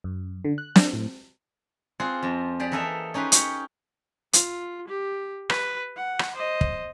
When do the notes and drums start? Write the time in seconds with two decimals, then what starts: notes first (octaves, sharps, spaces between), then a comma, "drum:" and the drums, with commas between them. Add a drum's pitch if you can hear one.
0.04 F#2
0.45 D3
0.58 F#6
0.76 D4, drum: snare
0.93 A2
2.00 C4 F4 G#4 F#5
2.23 F2
2.60 G4 G#4 D5 B5
2.72 E3 A#3 A4 D#5 E5
3.14 C#4 D#4 G4 B4 C6
3.32 G4 C#5 D#5, drum: hi-hat
4.33 F4, drum: hi-hat
4.88 G4
5.50 B4, drum: rim click
5.97 F#5
6.19 drum: rim click
6.33 C5 D#5
6.61 drum: kick